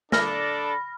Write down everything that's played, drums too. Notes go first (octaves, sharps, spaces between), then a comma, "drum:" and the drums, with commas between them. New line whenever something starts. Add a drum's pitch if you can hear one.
D4 A4 D5 B5 F6 A#6, drum: snare